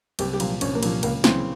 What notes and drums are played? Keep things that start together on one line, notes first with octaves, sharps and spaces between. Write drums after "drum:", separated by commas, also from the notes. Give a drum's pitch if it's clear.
C2 G4, drum: cymbal
G4
A#2 F3, drum: cymbal
C2 C#4, drum: cymbal
A#3
A#2 F3, drum: cymbal
C#2 A#3, drum: cymbal
C#3 E3 C4, drum: snare